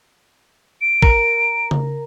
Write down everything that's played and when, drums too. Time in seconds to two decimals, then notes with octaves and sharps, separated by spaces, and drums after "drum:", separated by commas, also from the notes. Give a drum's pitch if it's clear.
0.81 D7
1.02 A#4 A#5, drum: kick
1.71 drum: tom C#3